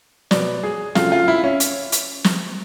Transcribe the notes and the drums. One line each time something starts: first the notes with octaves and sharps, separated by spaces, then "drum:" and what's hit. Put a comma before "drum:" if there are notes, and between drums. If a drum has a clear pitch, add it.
B2 F#3 B3 D5, drum: snare
G#4
C#3 F#3 A3 C4 F4, drum: snare
F4
E4
C#4
drum: hi-hat
drum: hi-hat
drum: snare